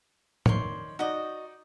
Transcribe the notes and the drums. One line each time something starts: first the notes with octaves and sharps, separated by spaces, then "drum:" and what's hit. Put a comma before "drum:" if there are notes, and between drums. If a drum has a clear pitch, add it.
D#3 C#5 D5 C6, drum: tom A2
D#4 F#4 D5 D#5